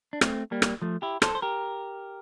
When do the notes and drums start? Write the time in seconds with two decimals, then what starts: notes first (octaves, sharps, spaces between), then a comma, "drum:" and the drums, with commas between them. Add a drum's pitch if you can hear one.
0.13 D4
0.21 A3 C4, drum: rim click
0.52 G3 A#3
0.62 drum: rim click
0.82 F3 A3
1.02 E4 G4
1.22 A4 C5, drum: rim click
1.35 C5
1.42 G4 A#4